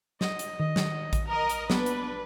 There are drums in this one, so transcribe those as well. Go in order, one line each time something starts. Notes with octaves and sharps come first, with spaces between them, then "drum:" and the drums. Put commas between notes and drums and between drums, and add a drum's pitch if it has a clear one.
D#5, drum: snare
drum: hi-hat
D#3 D#5
drum: snare
drum: kick A1, hi-hat
A#4 D#5 A#5
drum: hi-hat
A#3 B3 D4 B4, drum: snare
drum: hi-hat